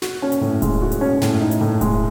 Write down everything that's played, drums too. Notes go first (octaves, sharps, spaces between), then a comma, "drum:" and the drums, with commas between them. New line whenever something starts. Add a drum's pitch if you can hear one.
F#4, drum: snare
C#4
drum: hi-hat
A2
G#3, drum: kick D#1, hi-hat
F#4
drum: hi-hat
C#4
A2, drum: snare
D#4
drum: hi-hat
A2
G#3, drum: kick D#1, hi-hat